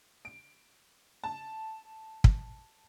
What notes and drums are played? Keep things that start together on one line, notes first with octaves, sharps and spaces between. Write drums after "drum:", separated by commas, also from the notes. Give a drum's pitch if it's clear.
D7
A5
drum: kick